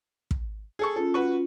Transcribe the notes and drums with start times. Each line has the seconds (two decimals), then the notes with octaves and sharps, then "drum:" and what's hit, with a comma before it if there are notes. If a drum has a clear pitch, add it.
0.31 drum: kick
0.79 G#4 A4 C#6
0.96 C#4 F4 A4
1.14 F#4 B4 C#6